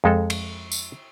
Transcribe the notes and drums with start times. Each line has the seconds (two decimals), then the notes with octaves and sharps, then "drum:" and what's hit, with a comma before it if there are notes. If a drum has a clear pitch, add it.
0.04 F2 G#3 A4
0.30 drum: cymbal
0.72 drum: tambourine